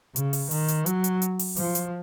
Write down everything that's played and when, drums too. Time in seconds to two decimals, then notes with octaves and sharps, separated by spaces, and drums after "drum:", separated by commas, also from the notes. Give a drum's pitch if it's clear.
0.16 C#3, drum: hi-hat
0.33 drum: open hi-hat
0.51 D#3, drum: open hi-hat
0.68 drum: hi-hat
0.86 F#3, drum: hi-hat
1.04 drum: hi-hat
1.22 drum: hi-hat
1.39 drum: open hi-hat
1.57 F3, drum: open hi-hat
1.75 drum: hi-hat